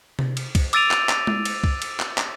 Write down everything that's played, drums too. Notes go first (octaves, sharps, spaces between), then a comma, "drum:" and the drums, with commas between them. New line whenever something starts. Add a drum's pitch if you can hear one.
drum: tom C3
drum: cymbal
drum: kick C2, cymbal
D6 E6 A6 D7 D#7 F7, drum: cymbal
drum: clap
drum: clap
drum: tom G#3
drum: cymbal
drum: kick C2
drum: cymbal
drum: clap
drum: clap